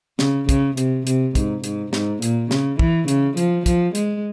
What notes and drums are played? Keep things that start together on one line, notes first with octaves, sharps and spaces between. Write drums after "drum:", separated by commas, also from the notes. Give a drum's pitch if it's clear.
C#3, drum: snare
C#3, drum: kick, hi-hat
C3, drum: hi-hat
C3, drum: hi-hat
G#2, drum: kick, hi-hat
G#2, drum: hi-hat
G#2, drum: snare
A#2, drum: hi-hat
C#3, drum: snare
E3, drum: kick
C#3, drum: hi-hat
F3, drum: hi-hat
F3, drum: kick, hi-hat
G#3, drum: hi-hat